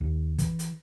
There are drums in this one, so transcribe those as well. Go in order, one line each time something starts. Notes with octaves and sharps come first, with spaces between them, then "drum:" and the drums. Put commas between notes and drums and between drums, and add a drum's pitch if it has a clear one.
D#2
E3, drum: kick, hi-hat
drum: hi-hat